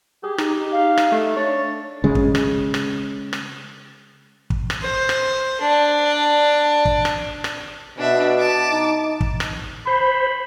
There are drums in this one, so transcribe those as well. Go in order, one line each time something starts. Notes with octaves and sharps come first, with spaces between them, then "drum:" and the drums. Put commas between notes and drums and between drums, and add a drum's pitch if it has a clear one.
G4 G#4
D#4, drum: rim click
F5
drum: rim click
A3
D4 C#5 A6
C#3 G#3
drum: kick
drum: rim click
drum: rim click
drum: rim click
drum: kick
drum: rim click
C5
drum: rim click
D4
drum: kick
drum: rim click
drum: rim click
B2 D4 E5
A5 D6
D#4
drum: kick
drum: rim click
C5 B5